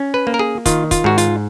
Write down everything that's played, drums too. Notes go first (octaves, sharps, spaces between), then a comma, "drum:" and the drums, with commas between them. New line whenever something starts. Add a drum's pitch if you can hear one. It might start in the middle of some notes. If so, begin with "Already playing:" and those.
Already playing: C#4
B4
A#3
A#4
G#4
D#3 F4, drum: kick, hi-hat
F4, drum: kick, hi-hat
G#2 F#4
F4, drum: hi-hat